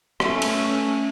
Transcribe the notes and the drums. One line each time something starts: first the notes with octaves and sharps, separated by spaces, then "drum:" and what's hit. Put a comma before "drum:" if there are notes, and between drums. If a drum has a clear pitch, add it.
A3 C#4, drum: rim click
drum: cymbal